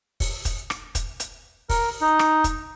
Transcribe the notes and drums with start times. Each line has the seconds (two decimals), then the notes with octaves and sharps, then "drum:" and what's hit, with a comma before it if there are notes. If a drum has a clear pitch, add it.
0.20 drum: kick, open hi-hat
0.45 drum: kick, hi-hat
0.70 drum: rim click
0.95 drum: kick, hi-hat
1.20 drum: hi-hat
1.70 A#4, drum: kick, open hi-hat
2.01 D#4
2.19 drum: rim click
2.44 drum: kick, hi-hat